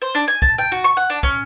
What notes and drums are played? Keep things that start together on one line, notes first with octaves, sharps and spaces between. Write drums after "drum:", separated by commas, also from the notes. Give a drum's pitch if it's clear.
C5
D4
G#5
A5, drum: kick
G5
F#4
C#6
F#5
D4
C#4, drum: kick